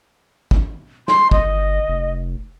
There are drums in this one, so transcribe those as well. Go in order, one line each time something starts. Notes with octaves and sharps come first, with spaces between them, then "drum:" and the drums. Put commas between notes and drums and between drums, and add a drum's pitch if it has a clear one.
drum: kick
C6, drum: snare
G1 D#5, drum: kick
F1